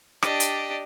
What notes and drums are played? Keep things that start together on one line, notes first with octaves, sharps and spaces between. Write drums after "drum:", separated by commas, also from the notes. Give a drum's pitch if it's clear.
D4 G4 D5 D#5, drum: rim click
drum: hi-hat